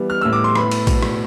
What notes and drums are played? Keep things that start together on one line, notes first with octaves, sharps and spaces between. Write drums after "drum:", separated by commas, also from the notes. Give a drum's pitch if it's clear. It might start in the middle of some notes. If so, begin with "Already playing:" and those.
Already playing: E3 G3 B3
F6
A2 E6
D6
C6
B3 B5, drum: rim click
drum: cymbal
B2, drum: kick A#1, cymbal
drum: rim click